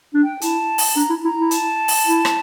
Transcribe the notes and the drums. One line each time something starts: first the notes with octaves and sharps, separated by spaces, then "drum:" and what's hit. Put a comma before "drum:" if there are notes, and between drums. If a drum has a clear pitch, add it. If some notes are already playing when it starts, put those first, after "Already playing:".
D4
G5
E4 A5, drum: hi-hat
drum: open hi-hat
D4 A#5
E4
E4 A#5
E4
A5, drum: hi-hat
drum: open hi-hat
E4
drum: rim click